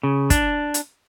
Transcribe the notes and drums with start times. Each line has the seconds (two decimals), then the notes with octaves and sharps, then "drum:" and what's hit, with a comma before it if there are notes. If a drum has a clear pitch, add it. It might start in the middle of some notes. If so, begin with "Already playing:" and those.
0.03 C#3
0.30 D4, drum: kick, hi-hat
0.74 drum: hi-hat